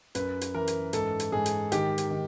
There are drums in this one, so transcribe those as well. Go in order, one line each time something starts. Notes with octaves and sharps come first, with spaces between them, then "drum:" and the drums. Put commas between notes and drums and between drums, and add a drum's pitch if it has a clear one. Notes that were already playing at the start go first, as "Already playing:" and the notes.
F#2 B4, drum: hi-hat
drum: hi-hat
E3 A#4
drum: hi-hat
G#2 A4, drum: hi-hat
drum: hi-hat
G#2 G#4
drum: hi-hat
D#3 G4, drum: hi-hat
drum: hi-hat
D#3